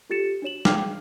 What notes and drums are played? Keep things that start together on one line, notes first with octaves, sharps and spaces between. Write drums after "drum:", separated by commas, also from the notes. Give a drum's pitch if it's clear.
F4 G4 A4 A6 C#7 E7
D4 F#4 C#5 E7 F#7
D4 G#4 F5 G5 D6 F6, drum: snare